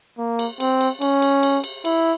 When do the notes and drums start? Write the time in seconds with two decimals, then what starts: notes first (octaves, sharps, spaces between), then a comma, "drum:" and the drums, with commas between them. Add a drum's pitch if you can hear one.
0.18 A#3
0.39 drum: cymbal
0.60 C4, drum: cymbal
0.81 drum: cymbal
1.01 C#4, drum: cymbal
1.22 drum: cymbal
1.43 drum: cymbal
1.64 drum: cymbal
1.85 E4, drum: cymbal